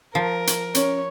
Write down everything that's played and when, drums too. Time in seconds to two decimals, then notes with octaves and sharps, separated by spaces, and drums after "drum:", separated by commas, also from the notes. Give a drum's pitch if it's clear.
0.15 F3 A#4 A5
0.47 drum: hi-hat
0.75 C#4 C#5, drum: hi-hat